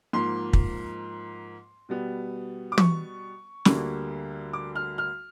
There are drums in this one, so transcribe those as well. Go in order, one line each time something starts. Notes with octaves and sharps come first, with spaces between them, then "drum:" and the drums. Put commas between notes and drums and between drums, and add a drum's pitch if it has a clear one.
G#2 F3 A#3 C6
drum: kick
B2 G3 B3
D6
C#6, drum: tom
D2 D3 G3 A#3, drum: snare
D6
F6
F6